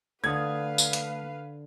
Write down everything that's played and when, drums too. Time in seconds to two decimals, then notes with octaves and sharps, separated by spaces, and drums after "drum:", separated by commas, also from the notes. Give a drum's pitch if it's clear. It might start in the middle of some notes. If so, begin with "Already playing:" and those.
0.24 D3 A3 B4 F5 D#6 G#6
0.78 drum: tambourine
0.93 drum: hi-hat